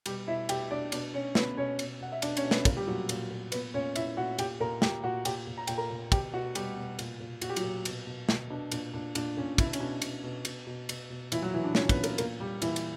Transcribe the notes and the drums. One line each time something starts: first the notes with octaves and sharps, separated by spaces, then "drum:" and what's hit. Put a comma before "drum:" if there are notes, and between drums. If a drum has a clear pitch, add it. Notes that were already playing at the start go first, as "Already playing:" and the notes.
B2 G3 G4, drum: cymbal
B2 E4 E5
B2 G4 G5, drum: cymbal
B2 D4 D5
B2 D4 D5, drum: cymbal
B2 C#4 C#5
B2 B3 B4, drum: snare
B2 C#4 C#5
B2, drum: cymbal
B2 F#5
E5
B2 D4 D5, drum: cymbal
C#4 C#5, drum: cymbal
B2
B3 B4, drum: snare
A#2 A#3 A#4, drum: kick, cymbal
G3 G4
A#2 F#3 F#4
A#2, drum: cymbal
A#2
A#2 B3 B4, drum: cymbal
A#2 C#4 C#5
A#2 E4 E5, drum: cymbal
A#2 F#4 F#5
A#2 G4 G5, drum: cymbal
A#2 A#4 A#5
A#2 G4 G5, drum: snare
A#2 F#4 F#5
A#2 G4 G5, drum: cymbal
A#2
A#5
A#2 G5, drum: cymbal
A#4 A#5
A#2
B2 G4 G5, drum: kick, cymbal
B2 F#4 F#5
B2 G3 G4, drum: cymbal
B2
A#2, drum: cymbal
A#2
A#2 F#4, drum: cymbal
G4
F#3 F#4, drum: cymbal
A#2
B2, drum: cymbal
B2
B2, drum: snare
B2 D4
A#2 D4, drum: cymbal
A#2 D4
A#2 D4, drum: cymbal
A#2 C#4
B2 E4, drum: kick, cymbal
D4
C#4, drum: cymbal
B2 D4
B2, drum: cymbal
B2
B2, drum: cymbal
B2
B2, drum: cymbal
B2
A#2 E3 E4, drum: cymbal
F#3 F#4
A#2 E3 E4
D4
A#2 C#4 C#5, drum: snare
B3 B4, drum: kick, cymbal
A#2
A#3 A#4, drum: cymbal
A#2 A#3 A#4, drum: cymbal
A#2 G3 G4
A#2 E3 E4, drum: cymbal
drum: cymbal